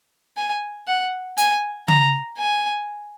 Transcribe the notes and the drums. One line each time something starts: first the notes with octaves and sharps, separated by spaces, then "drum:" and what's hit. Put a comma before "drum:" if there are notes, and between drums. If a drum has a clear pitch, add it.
G#5
F#5
G#5, drum: hi-hat
A#5, drum: tom C#3
G#5